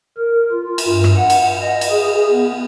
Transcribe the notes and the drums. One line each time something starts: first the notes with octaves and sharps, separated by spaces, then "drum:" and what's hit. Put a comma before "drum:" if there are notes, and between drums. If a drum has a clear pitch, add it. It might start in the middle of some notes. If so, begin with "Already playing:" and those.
A#4
F4
drum: cymbal
G2
drum: rim click
F#5
drum: cymbal
D#5
drum: cymbal
G#4
B3